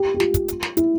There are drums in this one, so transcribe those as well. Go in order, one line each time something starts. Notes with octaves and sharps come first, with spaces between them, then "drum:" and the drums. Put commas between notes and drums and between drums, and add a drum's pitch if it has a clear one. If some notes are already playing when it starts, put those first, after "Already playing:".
Already playing: G4
G4
F4, drum: snare
drum: kick, hi-hat
drum: hi-hat
drum: snare
E4, drum: hi-hat